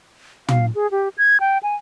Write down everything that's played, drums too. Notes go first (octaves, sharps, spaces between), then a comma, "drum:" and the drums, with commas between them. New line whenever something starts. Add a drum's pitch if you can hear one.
F5, drum: tom
G#4
G4
G#6
G5
G#5